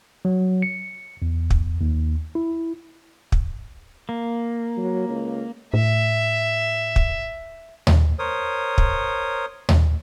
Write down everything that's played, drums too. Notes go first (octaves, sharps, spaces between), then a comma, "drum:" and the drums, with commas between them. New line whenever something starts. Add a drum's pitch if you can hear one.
F#3
C#7
E2
drum: kick
D#2
E4
drum: kick
A#3
F#3
C#2
A2 E5
drum: kick
drum: tom D#2
A#4 C5 C#5 D#6
drum: kick
drum: tom D#2